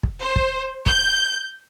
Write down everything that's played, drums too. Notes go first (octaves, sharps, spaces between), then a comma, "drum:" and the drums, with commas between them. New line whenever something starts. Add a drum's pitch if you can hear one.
drum: kick
C5
drum: kick
G6, drum: kick